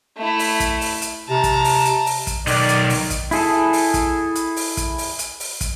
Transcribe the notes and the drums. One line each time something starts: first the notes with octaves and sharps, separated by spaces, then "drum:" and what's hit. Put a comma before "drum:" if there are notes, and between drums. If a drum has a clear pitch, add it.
A3 E4
drum: open hi-hat
drum: kick, hi-hat
drum: open hi-hat
drum: hi-hat
C3 A5 A#5
drum: kick, hi-hat
drum: open hi-hat
drum: hi-hat
drum: open hi-hat
drum: kick, hi-hat
B1 D#3 D5, drum: open hi-hat
drum: hi-hat
drum: open hi-hat
drum: kick, hi-hat
E4 G#4 A4, drum: open hi-hat
drum: open hi-hat
drum: kick, hi-hat
drum: hi-hat
drum: open hi-hat
drum: kick, hi-hat
drum: open hi-hat
drum: hi-hat
drum: open hi-hat
drum: kick, hi-hat